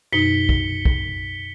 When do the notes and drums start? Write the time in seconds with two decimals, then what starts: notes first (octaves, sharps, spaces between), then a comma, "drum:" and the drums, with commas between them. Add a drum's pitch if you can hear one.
0.13 F#2 B2 D#4 B6 C#7 G7
0.49 drum: kick
0.85 drum: kick